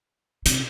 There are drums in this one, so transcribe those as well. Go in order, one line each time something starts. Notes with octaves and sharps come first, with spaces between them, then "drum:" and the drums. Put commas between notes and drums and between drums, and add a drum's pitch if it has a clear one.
C3, drum: hi-hat